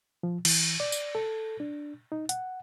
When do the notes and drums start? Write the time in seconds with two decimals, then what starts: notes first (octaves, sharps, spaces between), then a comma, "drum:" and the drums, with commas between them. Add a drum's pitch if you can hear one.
0.23 F3
0.45 E3, drum: cymbal
0.80 D5
0.92 drum: tambourine
1.15 A4
1.60 D4
2.12 D#4
2.29 F#5, drum: hi-hat